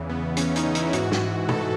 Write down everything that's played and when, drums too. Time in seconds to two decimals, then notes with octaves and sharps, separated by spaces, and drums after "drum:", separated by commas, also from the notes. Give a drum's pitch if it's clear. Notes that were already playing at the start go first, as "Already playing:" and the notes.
Already playing: E2 C#3 E3
0.09 B3
0.37 E2 C#3 E3 C#4, drum: hi-hat
0.56 D#4, drum: hi-hat
0.75 E4, drum: hi-hat
0.93 G#2 E3 F#4, drum: hi-hat
1.12 drum: snare
1.49 G#2 E3 A4, drum: tom